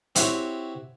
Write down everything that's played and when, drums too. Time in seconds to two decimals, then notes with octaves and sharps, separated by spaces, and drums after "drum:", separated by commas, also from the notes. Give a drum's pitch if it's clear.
0.16 C4 E4 F#4 G4 C#5, drum: hi-hat